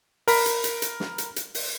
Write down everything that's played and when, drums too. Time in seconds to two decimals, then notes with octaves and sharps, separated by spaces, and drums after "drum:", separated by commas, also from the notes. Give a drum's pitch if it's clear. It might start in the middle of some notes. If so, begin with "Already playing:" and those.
0.28 A#4 B5 B6, drum: open hi-hat
0.46 drum: hi-hat
0.64 drum: hi-hat
0.82 drum: hi-hat
1.00 drum: snare
1.18 drum: hi-hat
1.36 drum: hi-hat
1.54 drum: open hi-hat